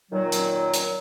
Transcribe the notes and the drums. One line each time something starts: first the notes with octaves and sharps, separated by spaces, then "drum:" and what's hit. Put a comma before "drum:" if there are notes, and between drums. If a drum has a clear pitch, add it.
A#2 D#3 F#3
drum: hi-hat
drum: hi-hat